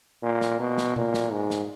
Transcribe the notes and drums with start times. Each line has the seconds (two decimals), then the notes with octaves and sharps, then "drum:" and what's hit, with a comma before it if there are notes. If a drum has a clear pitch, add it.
0.23 A#2
0.41 drum: snare
0.60 B2
0.78 drum: snare
0.96 A#2, drum: tom B2
1.14 drum: snare
1.32 G#2
1.50 drum: snare